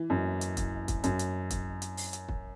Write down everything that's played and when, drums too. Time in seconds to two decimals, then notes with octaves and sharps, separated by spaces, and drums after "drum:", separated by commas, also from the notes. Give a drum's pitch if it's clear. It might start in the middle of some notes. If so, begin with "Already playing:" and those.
Already playing: E3
0.10 F#2
0.41 drum: hi-hat
0.57 drum: kick, hi-hat
0.88 drum: kick, hi-hat
1.04 F#2, drum: hi-hat
1.19 drum: hi-hat
1.50 drum: kick, hi-hat
1.82 drum: hi-hat
1.97 drum: open hi-hat
2.13 drum: hi-hat
2.28 drum: kick